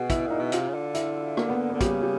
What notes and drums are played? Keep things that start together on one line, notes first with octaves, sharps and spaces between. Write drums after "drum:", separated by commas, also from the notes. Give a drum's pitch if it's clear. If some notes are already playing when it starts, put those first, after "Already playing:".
Already playing: B2 F#4 G#4
E4, drum: kick, hi-hat
A#2 D#4
B2
C3 F4, drum: hi-hat
C#3
D3
E4, drum: hi-hat
A#3, drum: rim click
B3
D3 B3
C#3 G3, drum: kick, hi-hat
G3